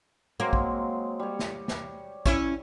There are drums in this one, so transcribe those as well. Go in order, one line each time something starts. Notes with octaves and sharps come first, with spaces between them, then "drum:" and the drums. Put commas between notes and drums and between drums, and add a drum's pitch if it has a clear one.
F#3 G#3 A#3 C4
drum: kick A#1
G3 C#5
drum: snare
drum: snare
C#4 E4 C#5, drum: kick A#1